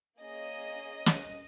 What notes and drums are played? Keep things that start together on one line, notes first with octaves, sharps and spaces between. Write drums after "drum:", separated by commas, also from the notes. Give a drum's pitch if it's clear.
A#3 C#4 G#4 D#5
drum: snare